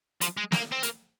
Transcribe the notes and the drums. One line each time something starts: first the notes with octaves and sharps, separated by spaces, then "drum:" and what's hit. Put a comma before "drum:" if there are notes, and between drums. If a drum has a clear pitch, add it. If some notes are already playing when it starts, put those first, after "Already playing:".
F3, drum: hi-hat
G#3
A#3, drum: snare
C4
A#3, drum: hi-hat